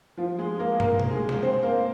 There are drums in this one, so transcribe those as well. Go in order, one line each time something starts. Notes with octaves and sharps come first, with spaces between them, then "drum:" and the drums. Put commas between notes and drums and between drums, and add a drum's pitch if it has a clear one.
F3 F4
G#3 G#4
A#3 A#4
A#3 A#4, drum: tom
drum: tom
G#3 G#4
drum: snare
C4 C5
A#3 A#4